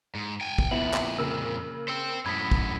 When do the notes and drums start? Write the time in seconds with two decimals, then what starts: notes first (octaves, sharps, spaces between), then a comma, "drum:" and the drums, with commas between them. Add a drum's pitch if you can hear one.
0.15 G#2
0.41 G5 G#5
0.58 drum: kick
0.71 F2 A#2 B3 E4 F#7
0.94 drum: clap
1.19 C#3 A#3 E6
1.88 C5 G5 E6 C#7
2.26 F#2 A2 B5 D#6 G#6 B6
2.51 drum: kick